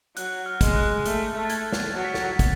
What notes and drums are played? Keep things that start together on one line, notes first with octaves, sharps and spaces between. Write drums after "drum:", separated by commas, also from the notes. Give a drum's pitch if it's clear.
F#3 F#6, drum: hi-hat
F6
G#3 F6, drum: kick, hi-hat
F#6
A3 F6, drum: hi-hat
A3
A6
G#6, drum: hi-hat
drum: snare
F#3 A6
B6
A6, drum: snare
drum: kick, hi-hat